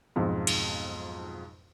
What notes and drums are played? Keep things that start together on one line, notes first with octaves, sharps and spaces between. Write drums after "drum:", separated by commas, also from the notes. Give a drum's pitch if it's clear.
B1 F2 G#2
drum: cymbal